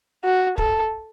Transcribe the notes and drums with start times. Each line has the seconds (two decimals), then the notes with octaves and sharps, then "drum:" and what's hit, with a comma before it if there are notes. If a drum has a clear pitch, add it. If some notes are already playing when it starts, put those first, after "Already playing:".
0.24 F#4
0.58 A4, drum: kick